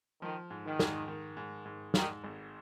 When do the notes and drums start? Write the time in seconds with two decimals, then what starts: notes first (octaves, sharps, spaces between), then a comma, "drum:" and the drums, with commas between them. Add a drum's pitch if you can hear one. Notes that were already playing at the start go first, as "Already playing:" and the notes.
0.21 D#3 F3
0.50 G#2
0.66 D#3
0.79 G#2, drum: snare
1.08 D#3
1.37 G#2
1.65 G#2
1.94 G#2 D#3, drum: snare
2.24 G#1